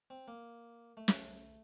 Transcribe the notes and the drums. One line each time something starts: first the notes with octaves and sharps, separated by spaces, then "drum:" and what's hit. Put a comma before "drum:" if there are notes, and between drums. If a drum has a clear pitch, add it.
C4
A#3
A3
drum: snare